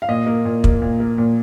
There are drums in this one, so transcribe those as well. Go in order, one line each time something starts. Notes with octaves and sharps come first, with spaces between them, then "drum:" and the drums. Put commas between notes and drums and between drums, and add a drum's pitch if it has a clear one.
F5
A#2 D#5
A#3
A#2
A#3, drum: kick
A#2
A#3
A#2